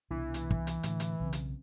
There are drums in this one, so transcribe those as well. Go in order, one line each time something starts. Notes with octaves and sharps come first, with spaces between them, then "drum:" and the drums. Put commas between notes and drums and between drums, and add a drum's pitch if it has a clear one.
C2 B2 E3 D4
drum: hi-hat
drum: kick
drum: hi-hat
A2 D3, drum: hi-hat
drum: hi-hat
B1 C#3 C4
drum: hi-hat